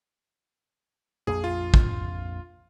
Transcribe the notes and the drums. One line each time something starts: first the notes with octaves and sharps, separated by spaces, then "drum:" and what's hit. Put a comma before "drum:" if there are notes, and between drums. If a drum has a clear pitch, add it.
A#1 F2 A#3 G#4
F4
drum: kick